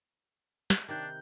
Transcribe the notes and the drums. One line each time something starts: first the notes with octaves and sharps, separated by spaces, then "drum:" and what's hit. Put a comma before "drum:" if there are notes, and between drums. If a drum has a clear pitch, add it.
drum: snare
C3 D#3 D4 F#6 G6